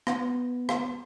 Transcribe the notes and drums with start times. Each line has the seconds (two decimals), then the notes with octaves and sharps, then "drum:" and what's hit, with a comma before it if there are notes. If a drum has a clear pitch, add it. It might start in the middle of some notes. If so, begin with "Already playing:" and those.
0.07 B3, drum: rim click
0.69 drum: rim click